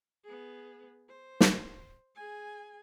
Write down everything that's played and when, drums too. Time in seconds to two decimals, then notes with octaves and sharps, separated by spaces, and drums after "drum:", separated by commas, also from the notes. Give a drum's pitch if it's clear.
0.24 B3 G#4
1.09 C5
1.40 drum: snare
2.16 G#4 G#5